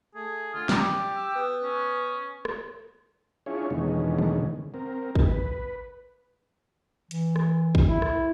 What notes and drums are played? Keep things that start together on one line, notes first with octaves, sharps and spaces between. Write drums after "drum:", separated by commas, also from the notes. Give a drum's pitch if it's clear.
A3 G#4
D3 F4
G4 D5, drum: snare
E6
B3
C#4
drum: rim click
C#4 D4 E4 F4 G#4 C#5
E2 B2 D3 D#3 G#3 C#4
drum: tom
C4 A#4
drum: kick
B4
E3, drum: hi-hat
drum: rim click
drum: kick
E4
drum: rim click